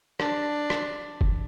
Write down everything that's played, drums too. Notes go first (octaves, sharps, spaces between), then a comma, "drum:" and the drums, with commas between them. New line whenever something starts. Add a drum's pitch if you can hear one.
D4, drum: rim click
drum: rim click
drum: kick F#1